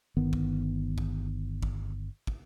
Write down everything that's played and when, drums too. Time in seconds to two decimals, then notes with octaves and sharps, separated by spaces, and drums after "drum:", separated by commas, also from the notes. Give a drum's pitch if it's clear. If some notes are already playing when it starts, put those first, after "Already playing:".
0.17 G1 D#3 B3
0.33 drum: kick
0.98 drum: kick
1.63 drum: kick
2.27 drum: kick